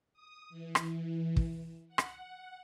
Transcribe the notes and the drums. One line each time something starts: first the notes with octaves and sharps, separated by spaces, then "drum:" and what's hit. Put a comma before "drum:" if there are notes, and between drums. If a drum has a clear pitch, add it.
D#6
E3
drum: rim click
drum: kick
F#5
drum: rim click